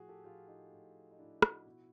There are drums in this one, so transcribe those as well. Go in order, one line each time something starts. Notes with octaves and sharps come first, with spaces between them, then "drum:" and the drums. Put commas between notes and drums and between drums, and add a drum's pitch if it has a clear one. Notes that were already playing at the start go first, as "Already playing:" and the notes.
Already playing: A2 F3 F#4 G#4
G4 A4
A2 F3 F4 G4
D#4 F4
A2 F3
D#4
A2 F3 D4 E4
E4 F#4, drum: rim click
B2